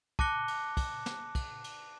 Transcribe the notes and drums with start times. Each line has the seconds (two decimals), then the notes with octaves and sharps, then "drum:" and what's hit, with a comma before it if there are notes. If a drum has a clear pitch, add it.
0.19 A5 D6 F#6 A#6 C#7 G7, drum: kick
0.48 drum: cymbal
0.77 drum: kick, cymbal
1.06 drum: snare
1.35 drum: kick, cymbal
1.64 drum: cymbal